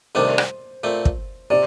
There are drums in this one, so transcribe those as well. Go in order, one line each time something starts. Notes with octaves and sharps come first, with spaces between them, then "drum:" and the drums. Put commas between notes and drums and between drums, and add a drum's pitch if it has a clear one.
C2 C3 D#3 A3 D4 C5
drum: rim click
A#2 A3 C4
drum: kick
C3 D5